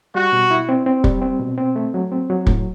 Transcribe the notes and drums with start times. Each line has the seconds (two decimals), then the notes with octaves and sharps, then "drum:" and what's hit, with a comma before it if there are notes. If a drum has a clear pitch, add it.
0.15 G3 F#4
0.32 B2
0.51 E4
0.69 C4
0.86 C4
1.04 G3, drum: kick
1.22 C4
1.40 B2
1.58 C4
1.76 A3
1.94 F#3
2.12 C4
2.30 F#3
2.47 A2, drum: kick